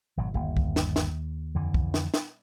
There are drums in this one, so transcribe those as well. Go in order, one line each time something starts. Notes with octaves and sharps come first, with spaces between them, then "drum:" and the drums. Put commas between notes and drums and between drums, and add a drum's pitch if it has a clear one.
G#1 B2 F#3
G1 D#2
drum: kick C2
drum: snare
drum: snare
F2 D3 E3
drum: kick C2
drum: snare
drum: snare